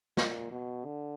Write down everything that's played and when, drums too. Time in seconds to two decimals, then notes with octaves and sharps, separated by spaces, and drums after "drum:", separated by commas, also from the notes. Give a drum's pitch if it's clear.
0.17 A#2, drum: snare
0.51 B2
0.85 D3